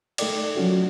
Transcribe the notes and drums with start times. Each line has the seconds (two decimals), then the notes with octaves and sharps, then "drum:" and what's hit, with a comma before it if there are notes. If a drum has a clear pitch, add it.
0.18 A3 D#4 A4 A#4 D5 G5, drum: cymbal
0.57 F3 F#3 C#4 F#4